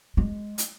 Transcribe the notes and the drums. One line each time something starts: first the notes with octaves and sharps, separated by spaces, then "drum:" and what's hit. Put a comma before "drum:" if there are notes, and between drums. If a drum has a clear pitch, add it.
G#3
drum: hi-hat